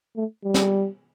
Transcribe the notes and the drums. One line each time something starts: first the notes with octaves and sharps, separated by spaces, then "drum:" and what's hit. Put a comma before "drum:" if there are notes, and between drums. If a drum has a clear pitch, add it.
A3
G3
drum: snare